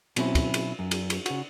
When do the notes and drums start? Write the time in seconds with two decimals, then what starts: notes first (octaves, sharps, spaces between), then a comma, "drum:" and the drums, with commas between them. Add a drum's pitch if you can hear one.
0.16 B2 F#3 C4 C#4 E4, drum: cymbal
0.35 drum: kick, cymbal
0.54 drum: cymbal
0.79 F#2
0.91 drum: cymbal
1.10 drum: cymbal
1.26 C#3 F#4, drum: cymbal